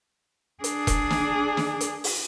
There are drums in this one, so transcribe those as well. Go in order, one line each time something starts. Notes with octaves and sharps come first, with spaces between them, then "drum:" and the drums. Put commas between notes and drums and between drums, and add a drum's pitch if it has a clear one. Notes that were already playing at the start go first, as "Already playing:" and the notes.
D4 G#4, drum: hi-hat
drum: kick E1, hi-hat
drum: snare
drum: snare
drum: hi-hat
drum: open hi-hat